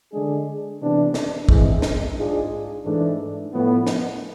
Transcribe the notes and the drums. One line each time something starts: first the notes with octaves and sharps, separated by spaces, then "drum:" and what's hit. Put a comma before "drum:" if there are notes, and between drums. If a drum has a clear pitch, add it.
D3 G#3 D4 G#4
C3 E3 B3 D4
drum: snare
E3 G#3 C4 E4 G#4, drum: kick
drum: snare
G#2 G#3 D4 F4 G#4
G#2 E3 A3 D4
A2 F3 B3
drum: snare